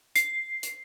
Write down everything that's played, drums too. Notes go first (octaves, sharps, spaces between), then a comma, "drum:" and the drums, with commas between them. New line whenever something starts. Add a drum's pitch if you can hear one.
C7, drum: hi-hat
drum: hi-hat